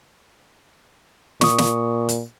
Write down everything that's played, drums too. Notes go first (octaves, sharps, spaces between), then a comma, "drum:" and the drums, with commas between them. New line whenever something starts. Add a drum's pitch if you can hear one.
A#2 C#6 D#6, drum: snare
drum: snare
drum: hi-hat